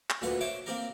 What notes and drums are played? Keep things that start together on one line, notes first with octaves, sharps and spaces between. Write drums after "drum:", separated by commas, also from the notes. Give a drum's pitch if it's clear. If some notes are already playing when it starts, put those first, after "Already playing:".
drum: clap
D2 A#2 B4 F#5
C5 C#5 E5 D6
A#3 C4 G4 A#4